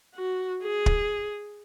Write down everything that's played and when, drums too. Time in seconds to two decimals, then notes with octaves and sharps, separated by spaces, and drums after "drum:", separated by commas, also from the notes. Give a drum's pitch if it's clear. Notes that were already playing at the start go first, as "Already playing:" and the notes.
0.15 F#4
0.63 G#4
0.86 drum: kick